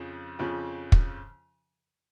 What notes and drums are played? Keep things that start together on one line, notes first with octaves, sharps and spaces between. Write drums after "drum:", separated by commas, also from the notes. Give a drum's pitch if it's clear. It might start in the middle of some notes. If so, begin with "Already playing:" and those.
Already playing: F2 C#3 F3
F2 C#3 F3
drum: kick